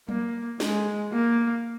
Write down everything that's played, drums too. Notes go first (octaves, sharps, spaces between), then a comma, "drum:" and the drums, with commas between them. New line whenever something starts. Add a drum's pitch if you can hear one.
A#3, drum: tom F#3
G#3, drum: snare
A#3